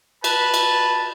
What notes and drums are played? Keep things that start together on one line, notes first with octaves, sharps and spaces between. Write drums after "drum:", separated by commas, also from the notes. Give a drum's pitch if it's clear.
B4 A5 B5, drum: cymbal
drum: cymbal